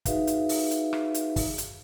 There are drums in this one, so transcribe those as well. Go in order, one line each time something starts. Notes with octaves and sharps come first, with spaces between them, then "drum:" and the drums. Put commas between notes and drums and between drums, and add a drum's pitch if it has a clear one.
D#4 F#4 G#4 B4 E5 F5, drum: kick, hi-hat
drum: hi-hat
drum: open hi-hat
drum: hi-hat
drum: rim click
drum: hi-hat
drum: kick, open hi-hat
drum: hi-hat